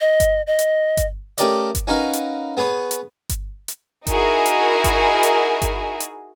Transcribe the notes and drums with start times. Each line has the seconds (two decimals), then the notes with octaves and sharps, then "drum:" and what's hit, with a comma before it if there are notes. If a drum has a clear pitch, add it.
0.01 D#5
0.20 drum: kick G1, hi-hat
0.47 D#5
0.59 drum: hi-hat
0.97 drum: kick G1, hi-hat
1.38 A3 C#4 G4 A#4 D5 D#5, drum: hi-hat
1.75 drum: kick G1, hi-hat
1.87 C#4 D#4 F#4 A#4 B4 F5
2.13 drum: hi-hat
2.57 B3 G#4 B4 C#5
2.91 drum: hi-hat
3.29 drum: kick G1, hi-hat
3.68 drum: hi-hat
4.07 D#4 E4 F#4 G#4 A#4, drum: kick G1, hi-hat
4.46 drum: hi-hat
4.84 drum: kick G1, hi-hat
5.23 drum: hi-hat
5.62 drum: kick G1, hi-hat
6.00 drum: hi-hat